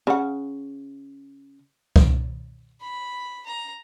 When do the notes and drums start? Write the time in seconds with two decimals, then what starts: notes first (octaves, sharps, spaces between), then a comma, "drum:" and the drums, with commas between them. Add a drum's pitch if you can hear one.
0.07 C#3 F#5
1.96 drum: kick C2
2.81 B5
3.47 A#5